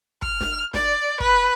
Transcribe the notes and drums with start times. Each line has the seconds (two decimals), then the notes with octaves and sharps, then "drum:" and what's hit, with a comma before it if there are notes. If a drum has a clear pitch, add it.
0.22 F6, drum: kick
0.41 drum: snare
0.74 D5, drum: snare
1.20 B4, drum: kick